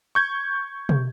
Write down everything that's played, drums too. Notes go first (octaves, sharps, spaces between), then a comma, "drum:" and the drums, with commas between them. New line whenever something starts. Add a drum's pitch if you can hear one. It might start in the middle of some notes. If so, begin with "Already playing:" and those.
C#6 G6 G#6
drum: tom